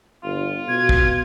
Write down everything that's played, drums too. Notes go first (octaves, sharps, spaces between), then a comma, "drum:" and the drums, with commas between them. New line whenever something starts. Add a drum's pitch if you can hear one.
G1 F4
B2 G#6
drum: kick